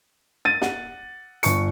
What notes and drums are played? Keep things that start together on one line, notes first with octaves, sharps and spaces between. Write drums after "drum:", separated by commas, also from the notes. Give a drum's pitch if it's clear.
A6 D#7
F#5, drum: snare
G1 C#6 C#7, drum: hi-hat